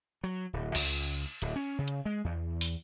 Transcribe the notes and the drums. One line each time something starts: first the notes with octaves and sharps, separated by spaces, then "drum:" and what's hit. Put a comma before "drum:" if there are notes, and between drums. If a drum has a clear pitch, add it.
F#3
D1
C#2, drum: cymbal
D1, drum: hi-hat
C#4
C#3
drum: hi-hat
G#3
E2
drum: open hi-hat